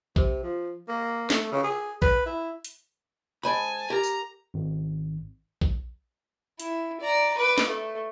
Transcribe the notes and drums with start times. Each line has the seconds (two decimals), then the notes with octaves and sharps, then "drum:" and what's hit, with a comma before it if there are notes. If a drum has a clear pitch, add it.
0.16 C3, drum: kick A#1
0.43 F3
0.88 A#3
1.30 A3, drum: snare
1.52 C#3
1.64 G#4
2.02 B4, drum: kick A#1
2.26 E4
2.65 drum: hi-hat
3.43 G#3 C5 G#5 A5 B5
3.90 G4 A#4 A#5
4.03 drum: tambourine
4.54 G#1
5.61 drum: kick A#1
6.60 E4, drum: hi-hat
7.01 D5 A#5
7.38 B4 D6
7.58 drum: snare
7.68 A3